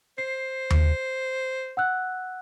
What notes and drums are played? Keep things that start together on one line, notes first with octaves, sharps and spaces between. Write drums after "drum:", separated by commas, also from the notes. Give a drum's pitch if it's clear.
C5 C7
drum: tom D#2
F#5 E6 F#6